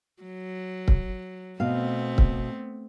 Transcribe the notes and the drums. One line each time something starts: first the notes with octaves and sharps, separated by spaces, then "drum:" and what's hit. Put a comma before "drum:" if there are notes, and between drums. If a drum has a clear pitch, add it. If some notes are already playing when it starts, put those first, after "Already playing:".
F#3
drum: kick C#1
B2 A3 B3 C4 F5
drum: kick C#1